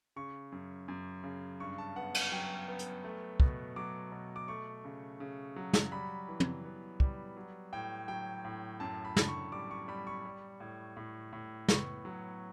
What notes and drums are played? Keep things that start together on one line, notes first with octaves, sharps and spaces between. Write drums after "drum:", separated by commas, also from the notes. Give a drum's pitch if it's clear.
C#3 C#6
F#2
F#2
C#3
G2 C#6
A5
B3 F#5
F#5, drum: cymbal
F#3 G5
B3
drum: hi-hat
A3
B2, drum: kick
F#3 D6
B2
D6
A3 C#6
C#3
C#3
F#3
drum: snare
G3 B5
E3
drum: tom
B3
G3, drum: kick
F#3
A2 G5
F#3 G5
A2
F#2 A5
B5
D3, drum: snare
C#6
G3 D6
C#6
G3 B5
C#6
G3
A2
A2
A2
B3 C#6, drum: snare
F#3